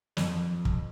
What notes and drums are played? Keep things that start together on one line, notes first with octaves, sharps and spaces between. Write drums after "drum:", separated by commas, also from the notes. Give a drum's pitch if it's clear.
F2, drum: snare
drum: kick